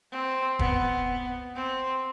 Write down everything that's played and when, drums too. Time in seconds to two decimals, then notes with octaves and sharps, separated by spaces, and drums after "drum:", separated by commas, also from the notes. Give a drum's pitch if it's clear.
0.11 C4
0.59 B3, drum: kick E1
1.55 C4